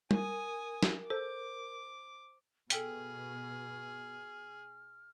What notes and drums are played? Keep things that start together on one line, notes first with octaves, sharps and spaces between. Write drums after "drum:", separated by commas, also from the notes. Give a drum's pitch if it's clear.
A#4 G#5 D#6, drum: tom
drum: snare
A4 C5 D6
B2 G#4 A4 G5 F6 B6, drum: hi-hat